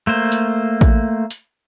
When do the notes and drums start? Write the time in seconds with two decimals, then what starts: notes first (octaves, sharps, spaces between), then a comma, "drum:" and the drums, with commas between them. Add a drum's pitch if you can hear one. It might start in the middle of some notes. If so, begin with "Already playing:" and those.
0.07 A3 A#3 C5
0.32 drum: hi-hat
0.81 drum: kick, hi-hat
1.31 drum: hi-hat